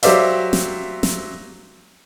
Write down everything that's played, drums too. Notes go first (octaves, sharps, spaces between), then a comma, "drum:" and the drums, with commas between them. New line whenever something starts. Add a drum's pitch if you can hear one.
F#3 G4 C5 D5 E5 F5, drum: hi-hat
drum: snare
drum: snare